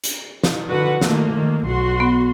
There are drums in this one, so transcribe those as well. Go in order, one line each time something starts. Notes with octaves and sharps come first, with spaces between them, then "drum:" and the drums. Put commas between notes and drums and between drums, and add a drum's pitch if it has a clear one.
drum: hi-hat
drum: snare
D3 F#4 B4 F#5
D#3 A3 A#3, drum: snare
D#3
B1 F#4 C6
B3